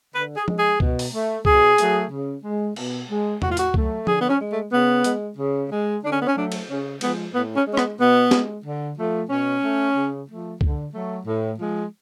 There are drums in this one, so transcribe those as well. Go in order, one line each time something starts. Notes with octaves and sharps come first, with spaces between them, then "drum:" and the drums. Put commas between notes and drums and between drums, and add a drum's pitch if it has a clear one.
D3 B4
G#4
G#3, drum: tom F3
G#4
B2, drum: kick C#2
drum: open hi-hat
A3
B2 G#4, drum: kick C#2
F#3 A3, drum: hi-hat
C#3
G#3
B2, drum: cymbal
G#3
A2 F#4, drum: tom E2
F4
F#4, drum: hi-hat
F#3 A3, drum: kick C#2
D3 G#4, drum: tom F3
B3
C#4
G#3
A3
C#3 B3
G#3, drum: hi-hat
C#3
G#3
D3 D4
C#4
B3
C#4
F#3 A3 D4
drum: cymbal
C#3 C#4
F3 G#3 B3, drum: cymbal
A2 B3
C#4
G#3
C#4
B3, drum: rim click
B2 B3
G#3, drum: snare
D3
F3 A3
B2 C#4
A3
C#3
F3 A3
D3, drum: kick C#2
F#3 A3
A2
F3 G#3